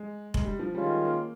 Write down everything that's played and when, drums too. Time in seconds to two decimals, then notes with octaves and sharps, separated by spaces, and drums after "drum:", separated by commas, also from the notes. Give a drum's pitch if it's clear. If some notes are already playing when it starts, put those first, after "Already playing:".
Already playing: G#3
0.34 G#3, drum: kick F1
0.45 G3
0.59 F3
0.75 D#3 G3 G#3 C#4 F4
1.05 A#3